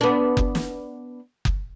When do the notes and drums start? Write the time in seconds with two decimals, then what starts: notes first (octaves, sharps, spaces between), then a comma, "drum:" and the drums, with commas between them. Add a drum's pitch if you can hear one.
0.01 B3 D4
0.37 drum: kick F#1
0.55 drum: snare
1.45 drum: kick F#1